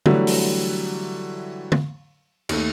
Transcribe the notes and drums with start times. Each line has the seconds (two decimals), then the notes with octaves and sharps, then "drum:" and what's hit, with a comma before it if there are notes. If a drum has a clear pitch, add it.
0.06 D3 E3 F#3 G3 A3, drum: tom D3
0.27 drum: open hi-hat
1.72 drum: tom D3
2.49 D#2 A3, drum: cymbal